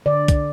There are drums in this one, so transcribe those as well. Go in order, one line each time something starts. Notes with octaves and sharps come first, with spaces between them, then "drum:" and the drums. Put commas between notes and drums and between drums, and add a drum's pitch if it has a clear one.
D3 D5
drum: kick B1, hi-hat